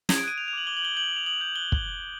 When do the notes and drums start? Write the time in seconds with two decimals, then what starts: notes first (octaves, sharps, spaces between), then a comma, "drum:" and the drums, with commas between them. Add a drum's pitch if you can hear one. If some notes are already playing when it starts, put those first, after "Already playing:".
0.09 D#6 G#6, drum: snare
0.18 D7
0.23 F#6 D#7
0.38 G6 F7
0.48 F7
0.53 D6 F#7
0.67 D6 G7
0.77 F#7
0.82 G6 G7
0.96 G6 F#7
1.12 D#6 F7
1.26 D#6 F#7
1.41 G6 F#7
1.56 F#6 G7
1.72 drum: kick